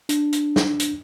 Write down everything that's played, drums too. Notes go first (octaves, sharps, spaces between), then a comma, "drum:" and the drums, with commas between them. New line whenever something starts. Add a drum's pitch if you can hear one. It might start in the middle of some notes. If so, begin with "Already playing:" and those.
D4, drum: hi-hat
drum: hi-hat
drum: snare
drum: hi-hat